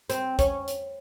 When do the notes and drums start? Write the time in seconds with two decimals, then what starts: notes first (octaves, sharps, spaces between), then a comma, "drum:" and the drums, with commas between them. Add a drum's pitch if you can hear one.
0.10 C4, drum: hi-hat
0.39 C#4, drum: kick, hi-hat
0.68 drum: hi-hat